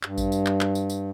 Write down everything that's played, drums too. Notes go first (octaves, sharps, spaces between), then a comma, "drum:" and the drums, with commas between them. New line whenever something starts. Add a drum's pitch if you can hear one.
G2, drum: clap
drum: kick A1, tambourine
drum: tambourine
drum: clap
drum: clap
drum: tambourine
drum: tambourine